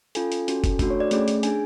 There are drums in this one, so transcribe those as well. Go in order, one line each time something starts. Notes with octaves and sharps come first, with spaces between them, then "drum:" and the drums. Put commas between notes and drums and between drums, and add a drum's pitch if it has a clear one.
C#4 F4 A4 G#5, drum: hi-hat
drum: hi-hat
C#4 F#4 A4, drum: hi-hat
drum: kick, hi-hat
A3 D4 F#4 A4, drum: kick, hi-hat
C#5
D5
A3 C#4 G#4, drum: hi-hat
drum: hi-hat
D4 G#4 G#5, drum: hi-hat